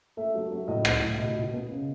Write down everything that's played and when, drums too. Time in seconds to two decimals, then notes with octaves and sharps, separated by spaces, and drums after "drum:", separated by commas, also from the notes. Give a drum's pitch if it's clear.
0.17 A3 E5
0.34 F#3
0.51 F#3
0.68 A2 D#5
0.85 A2, drum: rim click
1.02 A2
1.18 B2 D#5
1.36 B2
1.53 B3
1.70 C#3